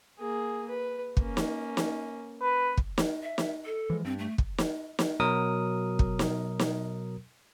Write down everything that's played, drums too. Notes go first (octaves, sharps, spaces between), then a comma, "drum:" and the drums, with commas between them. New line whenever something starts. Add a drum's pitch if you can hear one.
A#3 G#4
B4
A#3 C#4, drum: kick
drum: snare
drum: snare
B4
drum: kick
drum: snare
E5
drum: snare
A4
E3 F3 G#3
G2 C4
A3
drum: kick
drum: snare
drum: snare
B2 F#3 A#4 D#6
drum: kick
drum: snare
drum: snare